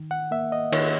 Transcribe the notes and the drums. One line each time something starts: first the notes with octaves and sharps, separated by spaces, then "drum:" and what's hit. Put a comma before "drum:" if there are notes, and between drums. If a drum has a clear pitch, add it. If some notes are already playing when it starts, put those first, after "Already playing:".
Already playing: D#3
F#5
A#3 E5
D#5
D#3 C#5, drum: cymbal